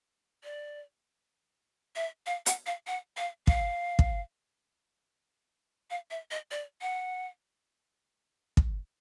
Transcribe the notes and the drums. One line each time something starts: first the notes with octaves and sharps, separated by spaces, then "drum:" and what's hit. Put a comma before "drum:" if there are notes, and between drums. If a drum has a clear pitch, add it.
D5
E5
F5
F#5, drum: hi-hat
F5
F#5
F5
F5, drum: kick
drum: kick
F5
E5
D#5
D5
F#5
drum: kick